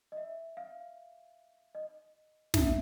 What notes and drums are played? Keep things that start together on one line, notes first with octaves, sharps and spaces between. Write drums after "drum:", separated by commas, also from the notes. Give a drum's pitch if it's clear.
D#5
E5
F5
D#5
E5, drum: snare